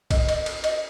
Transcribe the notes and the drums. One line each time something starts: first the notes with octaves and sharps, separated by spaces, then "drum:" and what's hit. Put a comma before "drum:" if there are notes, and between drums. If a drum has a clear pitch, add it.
D#5, drum: kick B1, cymbal
D#5, drum: cymbal
drum: cymbal
D#5, drum: cymbal